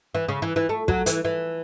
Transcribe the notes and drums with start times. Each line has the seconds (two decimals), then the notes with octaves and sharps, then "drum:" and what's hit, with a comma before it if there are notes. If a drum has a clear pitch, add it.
0.15 E3
0.28 C#3
0.42 E3
0.56 E3
0.69 A3
0.88 F#3, drum: kick
1.06 E3, drum: hi-hat
1.25 E3